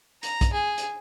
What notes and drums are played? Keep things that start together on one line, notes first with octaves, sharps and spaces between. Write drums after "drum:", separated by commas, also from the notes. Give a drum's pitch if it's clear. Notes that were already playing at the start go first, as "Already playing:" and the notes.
A#5, drum: hi-hat
drum: kick, hi-hat
G#4
drum: hi-hat